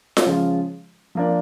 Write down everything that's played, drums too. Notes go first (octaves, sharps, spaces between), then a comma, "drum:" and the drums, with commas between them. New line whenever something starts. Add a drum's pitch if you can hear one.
drum: snare F4
C#3 F3 G#3 C#4 F4
F3 A#3 D4